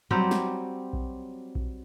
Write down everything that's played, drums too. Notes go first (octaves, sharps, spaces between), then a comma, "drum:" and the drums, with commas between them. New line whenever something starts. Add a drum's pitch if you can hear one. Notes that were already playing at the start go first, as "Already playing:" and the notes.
F#3 G3 C4 G4
drum: snare
drum: kick A#1
drum: kick A#1